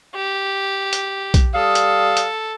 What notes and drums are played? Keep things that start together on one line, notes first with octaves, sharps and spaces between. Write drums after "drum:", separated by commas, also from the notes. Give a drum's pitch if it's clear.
G4
drum: hi-hat
drum: kick, hi-hat
G3 A4 F5 D#6
drum: hi-hat
drum: hi-hat